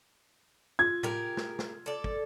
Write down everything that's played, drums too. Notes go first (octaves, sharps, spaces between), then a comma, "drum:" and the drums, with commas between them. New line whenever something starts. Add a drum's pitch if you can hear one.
F4 G#6
G4 G#4 A#4, drum: tom
drum: snare
drum: snare
A4 D5
drum: kick